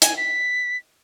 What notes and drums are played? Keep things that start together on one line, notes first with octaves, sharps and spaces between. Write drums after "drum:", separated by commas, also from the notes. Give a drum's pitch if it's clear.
G#5, drum: hi-hat
B6